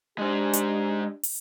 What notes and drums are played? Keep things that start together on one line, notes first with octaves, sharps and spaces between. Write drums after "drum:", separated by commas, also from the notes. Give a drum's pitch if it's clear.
G#3 D4 G4 C5
drum: hi-hat
drum: open hi-hat